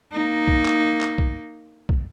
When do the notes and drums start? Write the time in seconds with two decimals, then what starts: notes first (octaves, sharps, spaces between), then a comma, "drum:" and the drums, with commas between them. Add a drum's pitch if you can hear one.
0.12 A#3 D#4
0.48 drum: kick
0.65 drum: clap
1.01 drum: clap
1.18 drum: kick
1.89 drum: kick